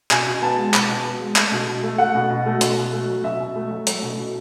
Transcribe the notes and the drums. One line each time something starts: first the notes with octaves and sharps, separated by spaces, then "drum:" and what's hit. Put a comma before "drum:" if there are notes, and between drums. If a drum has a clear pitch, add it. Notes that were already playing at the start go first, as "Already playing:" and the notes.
B2 G#5, drum: clap
B2
B3 A5
G#3
B2, drum: clap
B2
B3
G#3
A3, drum: clap
B2
B2
A3
A3 F#5
B2
B2
A3
B2, drum: hi-hat
B2
A3
F#3
B2 E5
B2
A3
F#3
A3, drum: hi-hat
B2
B2